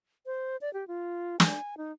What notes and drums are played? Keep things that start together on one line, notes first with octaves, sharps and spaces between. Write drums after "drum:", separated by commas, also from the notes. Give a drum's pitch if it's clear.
C5
D5
G4
F4
G#5, drum: snare
D#4